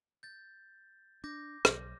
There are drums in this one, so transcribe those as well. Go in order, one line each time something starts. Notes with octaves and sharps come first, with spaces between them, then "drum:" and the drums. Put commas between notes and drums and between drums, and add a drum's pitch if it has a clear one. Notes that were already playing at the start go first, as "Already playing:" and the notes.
G6 A6
D4 D6 G6 A#6
B1, drum: rim click